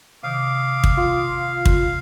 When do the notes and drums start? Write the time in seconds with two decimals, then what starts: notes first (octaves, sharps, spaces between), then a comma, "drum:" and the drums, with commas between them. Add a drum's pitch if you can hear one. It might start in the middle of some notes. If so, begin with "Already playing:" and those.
0.24 C3 D#3 F5 D6 D#6
0.84 drum: kick
0.97 F4
1.65 drum: kick